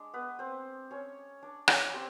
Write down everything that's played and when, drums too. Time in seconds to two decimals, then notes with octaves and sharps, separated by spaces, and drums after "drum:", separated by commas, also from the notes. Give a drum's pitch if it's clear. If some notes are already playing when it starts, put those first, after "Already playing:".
Already playing: G#3 D4
0.14 B3 B4
0.39 C4 C5
0.91 C#4 C#5
1.43 D4 D5
1.68 C#4 C#5, drum: rim click
1.93 G3 A#3 C4 C#4 C5